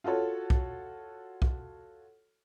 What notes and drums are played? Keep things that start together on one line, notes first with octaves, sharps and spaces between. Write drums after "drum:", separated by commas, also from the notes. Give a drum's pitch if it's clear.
F4 F#4 A4 C#5
drum: kick B1
drum: kick B1